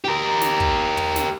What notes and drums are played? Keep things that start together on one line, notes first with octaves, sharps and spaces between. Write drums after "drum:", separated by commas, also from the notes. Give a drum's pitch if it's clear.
G4 A#4
drum: snare
drum: kick
drum: tom
drum: snare